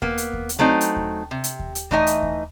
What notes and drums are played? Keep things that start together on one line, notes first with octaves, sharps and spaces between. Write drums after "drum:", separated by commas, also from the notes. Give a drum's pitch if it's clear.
A#3 B3, drum: kick D#2
drum: hi-hat
drum: kick D#2
drum: hi-hat
F#3 A3 C4 D#4
drum: hi-hat
drum: kick D#2
C3
drum: hi-hat
drum: kick D#2
drum: hi-hat
E3 A3 D#4 D#5 G#5, drum: kick D#2
drum: hi-hat
drum: kick D#2